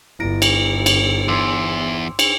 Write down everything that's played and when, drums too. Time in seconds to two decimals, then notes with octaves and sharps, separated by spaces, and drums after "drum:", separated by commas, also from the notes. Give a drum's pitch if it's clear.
0.20 G1 E4 A#6 D7
0.42 drum: cymbal
0.86 drum: cymbal
1.28 E2 C6 D6 E6
2.19 drum: cymbal